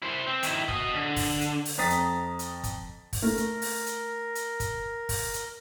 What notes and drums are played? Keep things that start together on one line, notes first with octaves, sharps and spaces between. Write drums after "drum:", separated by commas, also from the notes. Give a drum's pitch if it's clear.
E4 C5
C4
D#3 E4, drum: hi-hat
F#4 D#5, drum: kick
D3
drum: kick, open hi-hat
drum: hi-hat
drum: open hi-hat
F2 A#5 D#6 A6 B6
drum: hi-hat
drum: hi-hat
drum: kick, hi-hat
drum: kick, open hi-hat
A3 A#4
drum: hi-hat
drum: open hi-hat
drum: hi-hat
drum: hi-hat
drum: kick, hi-hat
drum: kick, open hi-hat
drum: hi-hat